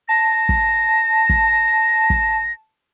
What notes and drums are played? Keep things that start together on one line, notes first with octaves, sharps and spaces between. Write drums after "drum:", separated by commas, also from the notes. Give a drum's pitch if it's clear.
A5 A#6
drum: kick
drum: kick
drum: kick